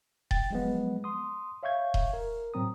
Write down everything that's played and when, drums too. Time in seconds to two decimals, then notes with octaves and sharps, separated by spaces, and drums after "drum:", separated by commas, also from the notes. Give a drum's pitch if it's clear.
0.31 G5 A6, drum: kick D#1
0.51 F3 F#3 G#3 A#3 B3
1.04 C6 D#6
1.63 C#5 E5 F5 C#6 G6 G#6
1.94 drum: kick D#1
2.13 A#4
2.54 A2 F#3 C4 A#5 D#6